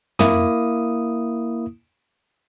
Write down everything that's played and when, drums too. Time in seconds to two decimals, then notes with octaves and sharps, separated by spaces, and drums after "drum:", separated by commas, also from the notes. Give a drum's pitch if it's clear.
0.19 A#3 E4 D#6, drum: tom